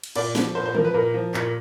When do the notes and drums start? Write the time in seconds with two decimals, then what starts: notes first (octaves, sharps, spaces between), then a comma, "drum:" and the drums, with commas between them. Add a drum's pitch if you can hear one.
0.03 drum: cymbal
0.16 A#2 D5, drum: cymbal
0.35 F3, drum: snare
0.55 A#2 C5
0.65 C5
0.75 F3 A#4, drum: tom D3
0.85 B4
0.94 A#2 A#4
1.14 F3
1.34 A#2, drum: clap